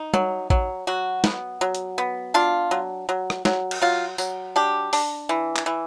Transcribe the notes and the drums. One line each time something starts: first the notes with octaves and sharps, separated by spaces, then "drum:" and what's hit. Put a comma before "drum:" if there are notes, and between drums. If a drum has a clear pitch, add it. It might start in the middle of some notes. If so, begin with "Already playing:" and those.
Already playing: D#4
F#3, drum: tom
F#3, drum: kick A1
F#3 F#4
B3, drum: snare
F#3
drum: hi-hat
B3
D4 F4
F#3
F#3
drum: rim click
F#3, drum: snare
drum: cymbal
F#3 F4
F#3, drum: tambourine
D4 G4
D4, drum: open hi-hat
E3
drum: clap
E3